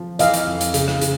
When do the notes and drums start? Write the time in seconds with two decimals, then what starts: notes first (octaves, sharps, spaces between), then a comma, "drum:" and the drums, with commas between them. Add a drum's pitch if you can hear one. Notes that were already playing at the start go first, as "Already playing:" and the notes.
Already playing: F3
0.19 E3 D#5 F5, drum: hi-hat
0.33 drum: hi-hat
0.47 F2
0.61 drum: hi-hat
0.74 C#3, drum: hi-hat
0.88 drum: rim click
1.01 C#3, drum: hi-hat